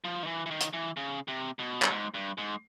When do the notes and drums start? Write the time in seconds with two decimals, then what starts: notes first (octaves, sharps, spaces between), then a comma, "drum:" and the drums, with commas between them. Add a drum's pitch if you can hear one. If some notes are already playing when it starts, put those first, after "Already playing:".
0.04 F3
0.23 D#3
0.27 E3
0.46 E3
0.51 D#3
0.61 drum: hi-hat
0.73 E3
0.97 C#3
1.28 C3
1.59 B2
1.82 G2, drum: clap
1.90 G#2
2.14 G2
2.38 G#2